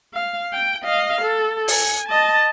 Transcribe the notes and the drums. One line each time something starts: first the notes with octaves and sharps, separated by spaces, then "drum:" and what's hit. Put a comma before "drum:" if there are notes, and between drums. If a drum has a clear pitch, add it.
F5
G5
D#5 F5
A4
G#5, drum: open hi-hat
D#5 A5